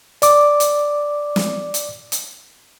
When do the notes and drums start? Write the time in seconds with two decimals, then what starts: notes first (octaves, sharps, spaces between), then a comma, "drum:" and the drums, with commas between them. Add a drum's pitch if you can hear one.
0.22 D5 D6, drum: hi-hat
0.60 drum: hi-hat
1.36 drum: snare
1.74 drum: hi-hat
2.12 drum: hi-hat